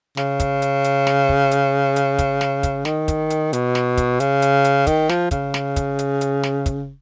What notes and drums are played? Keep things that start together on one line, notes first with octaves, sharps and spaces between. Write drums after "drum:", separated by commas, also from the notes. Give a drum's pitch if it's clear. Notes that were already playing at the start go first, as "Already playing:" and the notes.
C#3, drum: snare
drum: kick, hi-hat
drum: hi-hat
drum: hi-hat
drum: snare
drum: kick
drum: hi-hat
drum: hi-hat
drum: kick, hi-hat
drum: snare
drum: kick, hi-hat
D#3, drum: snare
drum: kick, hi-hat
drum: hi-hat
B2, drum: hi-hat
drum: snare
drum: kick, hi-hat
C#3, drum: hi-hat
drum: hi-hat
drum: hi-hat
D#3, drum: kick, hi-hat
F3, drum: snare
C#3, drum: kick, hi-hat
drum: snare
drum: kick, hi-hat
drum: hi-hat
drum: hi-hat
drum: snare
drum: kick, hi-hat